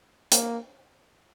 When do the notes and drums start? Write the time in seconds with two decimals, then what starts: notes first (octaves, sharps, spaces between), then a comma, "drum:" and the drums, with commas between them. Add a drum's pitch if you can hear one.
0.32 A#3, drum: hi-hat